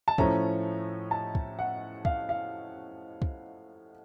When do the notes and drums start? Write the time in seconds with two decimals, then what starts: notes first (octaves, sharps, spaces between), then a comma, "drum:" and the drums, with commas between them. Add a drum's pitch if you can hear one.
0.08 A5
0.18 A2 F3 A3 C#4 A#5, drum: kick
1.11 A5
1.35 drum: kick
1.59 F#5
2.05 F5, drum: kick
2.29 F5
3.22 drum: kick